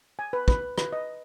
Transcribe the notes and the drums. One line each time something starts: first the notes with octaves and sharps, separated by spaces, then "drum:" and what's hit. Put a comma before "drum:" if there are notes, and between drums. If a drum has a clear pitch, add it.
G#5
B4
B4, drum: kick
B4, drum: rim click
D#5